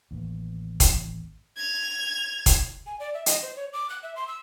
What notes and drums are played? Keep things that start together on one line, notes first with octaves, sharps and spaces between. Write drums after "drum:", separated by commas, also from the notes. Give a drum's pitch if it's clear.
A1 D#2
drum: kick E1, hi-hat
G#6 F7
drum: kick E1, hi-hat
G#5
D5
E5
D#5, drum: hi-hat
C5
C#5
D6
F#6
E5
C6
E6